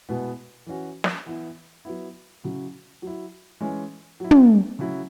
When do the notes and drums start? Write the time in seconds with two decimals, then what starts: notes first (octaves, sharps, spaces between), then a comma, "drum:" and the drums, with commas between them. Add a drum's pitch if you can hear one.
0.09 B2 G#3 B3 E4
0.66 E3 C#4 F#4
1.04 drum: snare
1.26 E3 B3 E4
1.85 F#3 B3 E4
2.44 C#3 F#3 E4
3.02 F#3 E4
3.61 E3 G#3 C#4
4.20 F#3 E4
4.31 drum: tom
4.79 C#3 F#3 E4